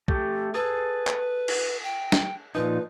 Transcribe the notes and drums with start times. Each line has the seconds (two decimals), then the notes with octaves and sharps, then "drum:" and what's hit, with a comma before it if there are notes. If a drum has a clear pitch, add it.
0.08 A3 G4 A4, drum: kick
0.54 G#4 A4 B4
1.07 drum: clap
1.48 drum: cymbal
1.83 G5
2.12 drum: snare
2.55 A#2 F3 D#4 B4